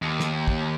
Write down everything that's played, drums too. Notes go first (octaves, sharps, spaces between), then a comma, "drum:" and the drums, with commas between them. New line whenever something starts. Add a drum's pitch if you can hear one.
D#2
drum: snare
drum: kick